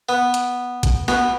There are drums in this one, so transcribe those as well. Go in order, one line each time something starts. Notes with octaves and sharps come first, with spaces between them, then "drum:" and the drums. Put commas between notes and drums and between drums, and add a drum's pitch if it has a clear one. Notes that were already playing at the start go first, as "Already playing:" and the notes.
B3
drum: hi-hat
drum: kick A1, hi-hat
B3, drum: snare